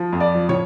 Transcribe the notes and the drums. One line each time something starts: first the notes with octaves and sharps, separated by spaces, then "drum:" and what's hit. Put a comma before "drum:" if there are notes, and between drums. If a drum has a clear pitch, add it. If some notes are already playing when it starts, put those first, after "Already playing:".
Already playing: F3
F2
D5
F3
C#5, drum: tom